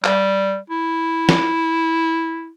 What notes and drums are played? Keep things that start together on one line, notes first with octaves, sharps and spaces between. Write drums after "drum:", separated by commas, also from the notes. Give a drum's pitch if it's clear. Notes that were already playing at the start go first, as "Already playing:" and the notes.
G3, drum: clap
E4
drum: snare